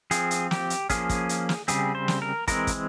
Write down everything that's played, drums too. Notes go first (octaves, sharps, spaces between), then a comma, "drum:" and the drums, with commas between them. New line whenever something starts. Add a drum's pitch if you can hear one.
F3 C4 G#4, drum: hi-hat
drum: hi-hat
G4, drum: snare
drum: hi-hat
F3 A#3 C#4 G#4, drum: kick, hi-hat
drum: kick, hi-hat
drum: hi-hat
drum: snare
C#3 G3 C4 G#4, drum: hi-hat
C5
drum: snare
A#4
E3 G#3 C4 A#4, drum: kick, hi-hat
drum: kick, hi-hat